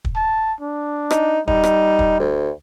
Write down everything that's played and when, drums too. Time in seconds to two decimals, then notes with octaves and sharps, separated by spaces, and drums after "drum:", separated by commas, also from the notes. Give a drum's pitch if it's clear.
0.05 drum: kick
0.16 A5
0.61 D4
1.11 D#4, drum: rim click
1.48 G3 D#4, drum: kick
1.64 drum: rim click
1.99 drum: kick
2.20 D2